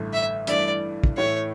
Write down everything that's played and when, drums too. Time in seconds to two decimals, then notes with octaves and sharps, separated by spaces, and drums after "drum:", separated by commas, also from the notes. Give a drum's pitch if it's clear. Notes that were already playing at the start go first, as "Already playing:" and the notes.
Already playing: A1 G2 D3 A3
0.13 E5
0.47 G2 E3 A3 E4 D5, drum: hi-hat
1.04 drum: kick
1.17 A2 E3 A3 E4 C#5